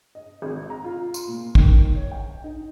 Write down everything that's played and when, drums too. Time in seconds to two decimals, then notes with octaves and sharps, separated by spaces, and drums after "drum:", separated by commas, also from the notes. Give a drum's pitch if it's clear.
0.15 D#5
0.42 G#1
0.70 A#5
0.84 F4
1.14 C6, drum: tambourine
1.28 A#2
1.55 D#3, drum: kick
1.96 C#5
2.12 G5
2.44 D#4